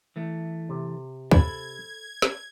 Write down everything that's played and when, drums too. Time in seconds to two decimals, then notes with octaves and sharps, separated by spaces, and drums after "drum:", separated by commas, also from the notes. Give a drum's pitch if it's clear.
0.16 E3 A3
0.69 C3
1.31 A4 C5 B5 G#6, drum: kick
2.22 drum: snare